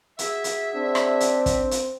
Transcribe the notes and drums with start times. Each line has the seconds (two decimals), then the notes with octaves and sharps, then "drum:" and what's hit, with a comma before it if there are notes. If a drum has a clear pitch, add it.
0.19 F#4 G#4 E5, drum: hi-hat
0.44 drum: hi-hat
0.75 C4 D4
0.95 drum: rim click
1.20 drum: hi-hat
1.46 drum: kick, hi-hat
1.71 drum: hi-hat